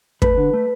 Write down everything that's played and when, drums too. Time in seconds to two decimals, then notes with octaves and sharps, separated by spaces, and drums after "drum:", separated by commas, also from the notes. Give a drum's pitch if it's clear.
0.22 A3 B4, drum: kick
0.37 D3
0.54 A3